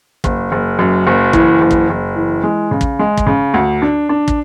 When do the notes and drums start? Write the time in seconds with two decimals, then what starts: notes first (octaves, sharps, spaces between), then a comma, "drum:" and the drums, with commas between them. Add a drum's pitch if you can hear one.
0.24 F#1, drum: kick
0.52 F#1
0.79 F#2
1.07 F#1
1.33 E3, drum: kick
1.61 F#1
1.71 drum: kick
1.89 F#1
2.16 E3
2.43 G#3
2.71 C#3
2.81 drum: kick
2.99 G#3
3.17 drum: kick
3.27 C#3
3.54 D2
3.82 D4
4.09 D4
4.28 drum: kick